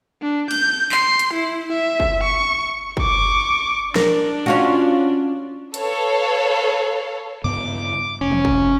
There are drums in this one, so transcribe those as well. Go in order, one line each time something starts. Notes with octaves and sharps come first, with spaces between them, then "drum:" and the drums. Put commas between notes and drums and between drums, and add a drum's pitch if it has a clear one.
D4
G6, drum: cymbal
C6, drum: clap
drum: hi-hat
E4
E5
drum: kick
C#6
C#6 D6, drum: kick
D4 A#4, drum: snare
C#4 F4 F#4
A4 B4 C#5 F5, drum: hi-hat
G2 C#3 B3 D6
F1 C#4
drum: tom E3
drum: kick